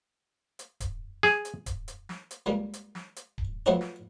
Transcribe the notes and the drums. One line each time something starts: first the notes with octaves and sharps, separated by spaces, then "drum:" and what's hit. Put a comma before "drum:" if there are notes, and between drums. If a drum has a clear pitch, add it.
drum: hi-hat
drum: kick D1, hi-hat
G#4, drum: snare
drum: hi-hat
drum: kick D1, hi-hat
drum: hi-hat
drum: snare
drum: hi-hat
C#2 G3 A#3
drum: hi-hat
drum: snare
drum: hi-hat
drum: kick D1
F3 F#3 A3 B3 C4 D4
drum: snare